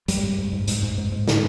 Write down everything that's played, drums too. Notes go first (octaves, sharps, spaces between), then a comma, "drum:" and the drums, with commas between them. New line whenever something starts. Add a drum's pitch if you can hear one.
G#2 G3, drum: hi-hat
G#2
G#2
G#2
G#2, drum: hi-hat
G#2
G#2
G#2
D3, drum: snare